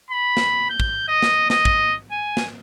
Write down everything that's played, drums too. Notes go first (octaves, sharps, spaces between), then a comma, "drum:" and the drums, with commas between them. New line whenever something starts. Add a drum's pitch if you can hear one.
B5
drum: snare
G6
drum: kick
D#5
drum: snare
D#5, drum: snare
drum: kick
G#5
drum: snare